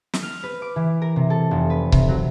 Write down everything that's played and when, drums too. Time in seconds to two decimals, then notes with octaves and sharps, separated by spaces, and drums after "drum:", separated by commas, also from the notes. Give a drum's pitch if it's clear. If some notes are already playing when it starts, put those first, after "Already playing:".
0.14 drum: snare
0.23 F6
0.43 B4
0.62 D6
0.76 E3
1.02 A#4
1.16 C3
1.30 A4
1.51 F1
1.70 B4
1.92 C3, drum: kick C#1
2.09 F#3